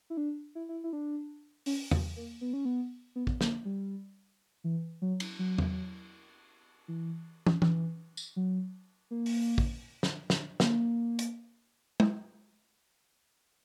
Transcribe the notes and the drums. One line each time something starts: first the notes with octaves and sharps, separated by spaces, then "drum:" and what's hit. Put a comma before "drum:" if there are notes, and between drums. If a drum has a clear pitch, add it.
E4
D4
E4
E4
E4
D4
C#4, drum: open hi-hat
F#3, drum: tom
A#3
B3
C#4
B3
B3
drum: kick
A#3, drum: snare
G3
E3
F#3
drum: cymbal
F#3
drum: tom
E3
drum: tom
E3, drum: tom
drum: tambourine
F#3
A#3
drum: open hi-hat
drum: kick
drum: snare
drum: snare
A#3, drum: snare
drum: hi-hat
drum: tom